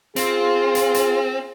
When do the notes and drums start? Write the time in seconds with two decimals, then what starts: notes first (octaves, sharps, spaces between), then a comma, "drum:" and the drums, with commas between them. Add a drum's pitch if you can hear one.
0.16 C4 F4 G#4, drum: hi-hat
0.75 drum: hi-hat
0.94 drum: hi-hat